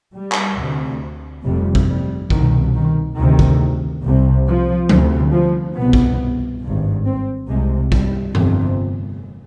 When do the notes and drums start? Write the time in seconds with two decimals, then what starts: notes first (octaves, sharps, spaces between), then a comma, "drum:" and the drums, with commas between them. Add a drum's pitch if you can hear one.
0.15 G3
0.32 drum: clap
0.59 D2 C3
1.45 F1 F2 C3 G3
1.75 drum: kick
1.88 G3
2.30 C2 B2 D#3, drum: kick
2.75 D#3
3.17 D2 C3 D#3
3.39 drum: kick
4.03 C2 C3
4.47 F3
4.89 D2 C3, drum: tom F3
5.32 F3
5.76 C2 B2 B3
5.93 drum: kick
6.62 G#1 G2
7.06 C4
7.48 C2 C3 G#3
7.92 G3, drum: kick
8.35 G1 F2 C3 F3, drum: tom G2